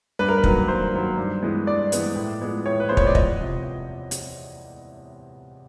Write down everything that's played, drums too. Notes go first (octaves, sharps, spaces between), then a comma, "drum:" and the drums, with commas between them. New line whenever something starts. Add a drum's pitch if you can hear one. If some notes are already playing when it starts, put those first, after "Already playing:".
G2 B4
A#4
B4
D#3 F#3 A#3, drum: kick
G2 C5
D#3 F#3 A#3
G2
E3 G#3 B3
G2 D5
E3 G#3 B3, drum: hi-hat
A2
F3 G#3 B3
A2 C#5
B4
F3 G#3 B3 C5
C#5, drum: kick
D5
E2 D#5, drum: kick
C3 F3
drum: hi-hat